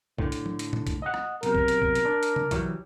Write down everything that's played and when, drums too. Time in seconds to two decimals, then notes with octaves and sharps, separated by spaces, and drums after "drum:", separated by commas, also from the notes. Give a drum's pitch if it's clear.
0.19 A2 D3, drum: kick
0.32 drum: hi-hat
0.46 drum: tom
0.59 drum: hi-hat
0.73 drum: tom A2
0.87 drum: kick, hi-hat
1.02 D#5 F#5
1.14 drum: rim click
1.43 B1 C3 A#4, drum: hi-hat
1.55 drum: kick
1.68 drum: hi-hat
1.82 drum: kick
1.95 drum: hi-hat
2.05 D4
2.23 drum: hi-hat
2.36 drum: tom C3
2.51 E3 F#3 G3, drum: kick, hi-hat